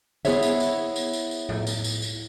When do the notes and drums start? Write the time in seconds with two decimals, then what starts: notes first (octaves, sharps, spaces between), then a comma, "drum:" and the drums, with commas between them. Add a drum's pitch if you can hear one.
0.25 B3 E4 G#4 C5 C#5 E5, drum: tambourine
0.42 drum: tambourine
0.60 drum: tambourine
0.96 drum: tambourine
1.13 drum: tambourine
1.31 drum: tambourine
1.49 drum: tom A2
1.67 drum: tambourine
1.84 drum: tambourine
2.02 drum: tambourine